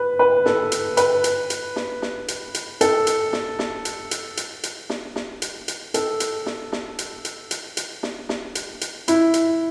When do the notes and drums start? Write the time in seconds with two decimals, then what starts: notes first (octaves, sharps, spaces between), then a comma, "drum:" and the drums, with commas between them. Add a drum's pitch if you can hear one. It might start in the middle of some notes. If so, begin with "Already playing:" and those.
Already playing: B4
0.19 B4
0.46 A4, drum: snare
0.72 drum: hi-hat
0.97 B4, drum: hi-hat
1.24 drum: hi-hat
1.50 drum: hi-hat
1.76 drum: snare
2.02 drum: snare
2.28 drum: hi-hat
2.54 drum: hi-hat
2.81 A4, drum: hi-hat
3.07 drum: hi-hat
3.33 drum: snare
3.59 drum: snare
3.85 drum: hi-hat
4.11 drum: hi-hat
4.37 drum: hi-hat
4.63 drum: hi-hat
4.90 drum: snare
5.16 drum: snare
5.42 drum: hi-hat
5.68 drum: hi-hat
5.94 A4, drum: hi-hat
6.20 drum: hi-hat
6.46 drum: snare
6.72 drum: snare
6.99 drum: hi-hat
7.25 drum: hi-hat
7.51 drum: hi-hat
7.77 drum: hi-hat
8.03 drum: snare
8.29 drum: snare
8.55 drum: hi-hat
8.81 drum: hi-hat
9.08 E4, drum: hi-hat
9.34 drum: hi-hat